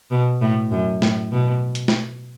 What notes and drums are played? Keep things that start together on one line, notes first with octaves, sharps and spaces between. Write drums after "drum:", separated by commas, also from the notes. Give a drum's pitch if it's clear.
B2
A2
F#2
A2, drum: snare
B2
drum: hi-hat
drum: snare